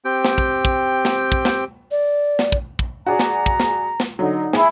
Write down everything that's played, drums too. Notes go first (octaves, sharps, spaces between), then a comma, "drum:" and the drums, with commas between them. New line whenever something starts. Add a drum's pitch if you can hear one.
C4 G4 G5
drum: snare
drum: kick
drum: kick
drum: snare
drum: kick
drum: snare
D5
drum: snare
drum: kick
drum: kick
F#4 G#4 D5 A#5
drum: snare
drum: kick
drum: snare
drum: snare
D3 F#3 D#4
E4 G#4, drum: snare